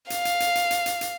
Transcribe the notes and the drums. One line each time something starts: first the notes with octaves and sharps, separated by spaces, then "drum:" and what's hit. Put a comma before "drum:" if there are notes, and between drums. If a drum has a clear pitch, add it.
F5, drum: hi-hat
drum: hi-hat
drum: hi-hat
drum: hi-hat
drum: hi-hat
drum: hi-hat
drum: hi-hat